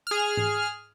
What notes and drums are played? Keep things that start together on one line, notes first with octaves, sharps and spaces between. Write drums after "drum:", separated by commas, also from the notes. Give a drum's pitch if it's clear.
G#4 F6
drum: tom G#2